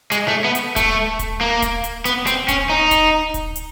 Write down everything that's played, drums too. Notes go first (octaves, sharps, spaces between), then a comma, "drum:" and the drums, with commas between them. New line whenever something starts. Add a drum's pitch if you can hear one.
G#3, drum: hi-hat
A3
B3
drum: hi-hat
A3, drum: kick D1, hi-hat
drum: kick D1, hi-hat
A#3
drum: kick D1, hi-hat
drum: hi-hat
B3, drum: hi-hat
C4, drum: hi-hat
C#4, drum: kick D1, hi-hat
D#4
drum: kick D1, hi-hat
drum: kick D1, hi-hat
drum: hi-hat